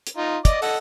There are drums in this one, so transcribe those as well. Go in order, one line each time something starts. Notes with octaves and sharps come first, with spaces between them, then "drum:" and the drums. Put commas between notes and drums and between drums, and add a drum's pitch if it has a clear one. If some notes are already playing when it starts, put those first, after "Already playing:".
drum: hi-hat
D#4 F4
D5 D#5, drum: kick, hi-hat
A4 D#5 F#5, drum: open hi-hat